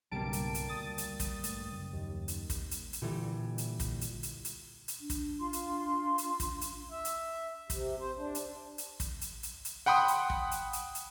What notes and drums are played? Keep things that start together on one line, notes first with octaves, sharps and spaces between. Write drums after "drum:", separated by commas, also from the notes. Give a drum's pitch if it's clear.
B1 G2 C#3 G3 A#3 D4 A5 D7
drum: hi-hat
drum: hi-hat
D2 D#6 A6
drum: hi-hat
drum: kick, hi-hat
G2 A3, drum: hi-hat
F#2 C#3
D#2
drum: hi-hat
drum: kick, hi-hat
drum: hi-hat
drum: hi-hat
A#2 D3 E3 G3
drum: hi-hat
drum: kick, hi-hat
drum: hi-hat
drum: hi-hat
drum: hi-hat
drum: hi-hat
D4
drum: kick, hi-hat
F4 C6
drum: hi-hat
drum: hi-hat
drum: kick, hi-hat
drum: hi-hat
E5
drum: hi-hat
C3, drum: kick, hi-hat
C5
D4
drum: hi-hat
drum: hi-hat
drum: kick, hi-hat
drum: hi-hat
drum: hi-hat
drum: hi-hat
F#5 G5 B5 C6 D#6
drum: hi-hat
drum: kick
drum: hi-hat
drum: hi-hat
drum: hi-hat